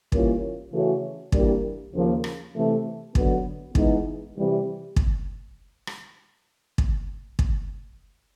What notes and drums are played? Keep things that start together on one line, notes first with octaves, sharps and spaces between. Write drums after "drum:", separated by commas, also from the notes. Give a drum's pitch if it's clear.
E3 G3 A#3 C#4 F4, drum: kick
C#3 E3 A3 C#4 F#4
E3 G3 A#3 D4, drum: kick
D#2 C#3 F3 A#3
drum: rim click
C3 E3 A3
D3 F#3 B3, drum: kick
E3 G#3 B3 D#4, drum: kick
C3 E3 G3
drum: kick
drum: rim click
drum: kick
drum: kick